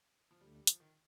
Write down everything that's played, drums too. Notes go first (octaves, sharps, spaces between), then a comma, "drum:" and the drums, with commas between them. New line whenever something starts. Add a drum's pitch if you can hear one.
F3
D2 D3 G3 A3
G3
F3, drum: hi-hat
D#3